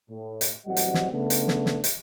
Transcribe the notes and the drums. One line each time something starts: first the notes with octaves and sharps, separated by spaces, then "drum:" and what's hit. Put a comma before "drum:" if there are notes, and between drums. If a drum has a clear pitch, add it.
A2
drum: hi-hat
A1 F#3 G3 C4 D#5 F#5
drum: hi-hat
drum: snare
C#3 A3 B3 D4
drum: hi-hat
drum: snare
drum: snare
drum: hi-hat